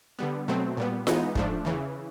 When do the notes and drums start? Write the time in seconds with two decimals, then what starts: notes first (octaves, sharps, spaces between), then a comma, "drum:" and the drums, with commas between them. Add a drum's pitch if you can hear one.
0.19 D3 G3 B3
0.48 B2 F#3 A3 C4
0.77 A#2 G3 B3
1.07 E3 G#3 B3 D#4, drum: snare F4
1.35 G#2 F3 A3 D4, drum: kick
1.65 E2 C#3 E3